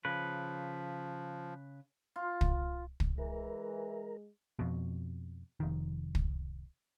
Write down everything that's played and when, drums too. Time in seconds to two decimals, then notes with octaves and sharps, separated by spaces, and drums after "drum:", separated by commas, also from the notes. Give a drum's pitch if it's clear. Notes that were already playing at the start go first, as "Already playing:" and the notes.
0.05 C#3 F3 B4
2.16 F4
2.41 drum: kick
3.00 drum: kick
3.18 E3 G#3 A#4
4.59 F2 B2
5.60 F1 D#3
6.15 drum: kick